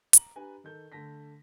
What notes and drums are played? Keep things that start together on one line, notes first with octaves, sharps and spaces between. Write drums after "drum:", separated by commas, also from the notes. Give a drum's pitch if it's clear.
A#5 F#7, drum: hi-hat
D4 G4 B4 G#5 A#5
D#3 A4 G6
D3 A3 A5 A#6 B6